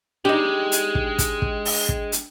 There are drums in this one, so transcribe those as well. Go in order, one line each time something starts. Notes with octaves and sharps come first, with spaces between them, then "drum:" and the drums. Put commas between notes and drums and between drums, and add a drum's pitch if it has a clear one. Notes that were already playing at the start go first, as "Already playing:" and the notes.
G#3 D4 D#4 G4 G5
drum: hi-hat
drum: kick
drum: kick, hi-hat
drum: kick
drum: open hi-hat
drum: kick
drum: hi-hat